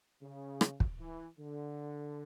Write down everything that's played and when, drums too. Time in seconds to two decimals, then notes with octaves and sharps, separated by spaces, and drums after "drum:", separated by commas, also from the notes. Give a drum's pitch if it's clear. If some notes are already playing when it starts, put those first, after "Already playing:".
0.22 C#3
0.61 drum: rim click
0.80 drum: kick
1.00 E3
1.38 D3